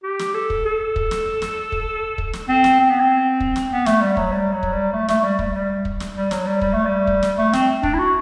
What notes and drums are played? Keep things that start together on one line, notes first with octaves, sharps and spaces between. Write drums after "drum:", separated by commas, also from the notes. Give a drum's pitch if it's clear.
G4
drum: snare
A4
drum: kick
A4
drum: kick
drum: snare
drum: snare
drum: kick
drum: kick
drum: snare
C4
drum: snare
C4
B3
C4
drum: kick
drum: snare
B3
A3, drum: snare
G3
F#3, drum: kick
G3
F#3
drum: kick
G3
A3
A3, drum: snare
A3
G3
G3, drum: kick
G3
drum: kick
drum: snare
G3
F#3, drum: snare
G3
G3, drum: kick
A3
G3
drum: kick
drum: snare
A3
C4, drum: snare
D4, drum: kick
E4
F#4